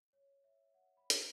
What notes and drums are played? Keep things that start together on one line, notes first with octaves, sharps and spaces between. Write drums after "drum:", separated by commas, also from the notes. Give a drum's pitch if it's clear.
C#5
E5
F#5
B5
drum: hi-hat